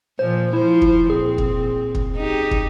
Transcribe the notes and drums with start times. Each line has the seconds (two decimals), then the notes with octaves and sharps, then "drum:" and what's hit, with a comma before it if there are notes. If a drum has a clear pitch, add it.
0.19 A#2 F3 C5
0.53 F3 E4 C5
0.82 drum: kick
1.10 A#2 C4 G#4
1.38 drum: kick
1.95 drum: kick
2.17 D#4 G4
2.51 drum: kick